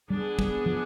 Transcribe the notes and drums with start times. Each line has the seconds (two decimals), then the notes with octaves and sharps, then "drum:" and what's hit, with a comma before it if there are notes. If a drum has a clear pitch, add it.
0.10 G3 B3 D4 G#4
0.39 G3, drum: kick
0.66 F3